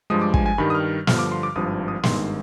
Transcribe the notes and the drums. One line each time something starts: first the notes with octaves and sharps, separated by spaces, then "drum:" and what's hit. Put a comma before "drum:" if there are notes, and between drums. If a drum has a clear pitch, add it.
G2 F3 G#3 D#6
D6
G#5, drum: kick
G#5
G2 D#3 G3 B5
D#6
F6
G2 D3 F3 F6, drum: snare
D6
C6
D6
G#1 G2 F3 D#6
D#6
G#1 G2 D#3 G#3 C6, drum: snare